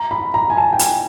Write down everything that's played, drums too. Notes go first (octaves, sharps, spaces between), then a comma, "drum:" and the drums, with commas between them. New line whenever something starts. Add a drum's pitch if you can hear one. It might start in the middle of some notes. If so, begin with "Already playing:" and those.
Already playing: A#5
B5
A#5
G#5
A5
G5
G#5, drum: hi-hat